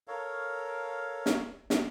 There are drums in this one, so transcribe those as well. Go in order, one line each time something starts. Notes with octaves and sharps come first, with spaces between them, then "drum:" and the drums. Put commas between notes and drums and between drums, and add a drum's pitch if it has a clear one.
A4 A#4 C#5 F5
drum: snare
drum: snare